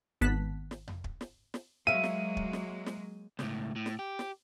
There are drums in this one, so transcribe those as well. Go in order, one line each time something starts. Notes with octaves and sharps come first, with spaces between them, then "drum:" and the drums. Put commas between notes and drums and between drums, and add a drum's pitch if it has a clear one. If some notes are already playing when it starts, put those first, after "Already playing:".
G#1 B3 A5 F#6 B6
drum: snare
drum: tom F2
drum: kick
drum: snare
drum: snare
F#3 G#3 A#3 E5 F5 D#7
drum: snare
drum: kick
drum: snare
drum: snare
C#2 A2, drum: snare
A2
drum: snare
G4
drum: snare